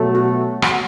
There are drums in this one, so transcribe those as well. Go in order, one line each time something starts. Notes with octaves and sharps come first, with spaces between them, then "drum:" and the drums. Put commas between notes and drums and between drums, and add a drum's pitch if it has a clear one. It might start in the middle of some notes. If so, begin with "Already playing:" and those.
Already playing: B2 F#3 A3 A4
F#4
F#4, drum: rim click